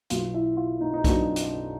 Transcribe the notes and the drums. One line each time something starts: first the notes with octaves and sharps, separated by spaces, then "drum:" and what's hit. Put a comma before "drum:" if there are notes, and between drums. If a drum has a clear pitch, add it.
B1 B2 F#3 F4, drum: hi-hat
E4
F4
D#4
D#4
B1 B2 F#3 D4, drum: kick B1, hi-hat
drum: hi-hat